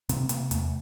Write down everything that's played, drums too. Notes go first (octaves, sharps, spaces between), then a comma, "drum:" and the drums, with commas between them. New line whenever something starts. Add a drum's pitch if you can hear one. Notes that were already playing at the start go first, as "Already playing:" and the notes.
C3 C4, drum: hi-hat
C3 A#3, drum: hi-hat
E2 A3, drum: hi-hat